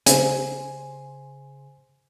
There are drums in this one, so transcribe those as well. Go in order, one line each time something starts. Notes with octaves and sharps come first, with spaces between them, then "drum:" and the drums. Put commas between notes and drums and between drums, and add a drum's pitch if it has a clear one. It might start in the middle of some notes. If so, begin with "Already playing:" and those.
C#3 C5 G#5, drum: hi-hat